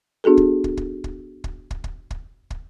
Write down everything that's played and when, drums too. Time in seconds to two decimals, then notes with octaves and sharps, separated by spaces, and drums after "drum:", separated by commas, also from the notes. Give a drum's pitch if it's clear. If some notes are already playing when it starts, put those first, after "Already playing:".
0.24 B3 D4 F#4 G#4 A4
0.37 drum: kick
0.64 drum: kick
0.77 drum: kick
1.04 drum: kick
1.44 drum: kick
1.71 drum: kick
1.84 drum: kick
2.11 drum: kick
2.50 drum: kick